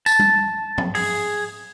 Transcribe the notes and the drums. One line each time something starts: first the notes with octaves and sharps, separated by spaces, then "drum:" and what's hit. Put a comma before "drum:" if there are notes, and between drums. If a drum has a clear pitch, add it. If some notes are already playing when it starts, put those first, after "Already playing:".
A5, drum: tambourine
drum: tom G3
drum: tom
G#4, drum: open hi-hat